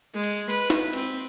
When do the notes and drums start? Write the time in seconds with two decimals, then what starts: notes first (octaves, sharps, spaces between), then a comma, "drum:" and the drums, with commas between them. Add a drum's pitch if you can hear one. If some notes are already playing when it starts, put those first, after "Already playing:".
0.14 G#3
0.24 drum: cymbal
0.50 B4, drum: cymbal
0.70 drum: snare
0.93 C4, drum: cymbal